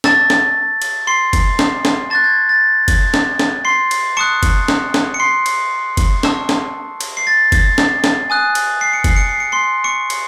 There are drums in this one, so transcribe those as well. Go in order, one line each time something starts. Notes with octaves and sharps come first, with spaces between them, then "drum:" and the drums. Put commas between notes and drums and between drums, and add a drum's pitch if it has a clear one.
A5 C#6 E6 A6, drum: snare
drum: snare
drum: cymbal
C6 C7
drum: kick, cymbal
drum: snare
drum: snare
A5 C#6 F#6 A6
G#6
A6
drum: kick, cymbal
drum: snare
drum: snare
C6 C7
drum: cymbal
A5 C#6 D#6 F#6 C#7
drum: kick, cymbal
drum: snare
drum: snare
C#7
C6 C7
drum: cymbal
drum: kick, cymbal
A5 C#6 E6, drum: snare
drum: snare
drum: cymbal
C7
A6
drum: kick, cymbal
drum: snare
drum: snare
G#5 D#6 F#6
drum: cymbal
C7
C#7
C7, drum: kick, cymbal
C#7
C7
C#7
C6 C7
C#6 C#7
drum: cymbal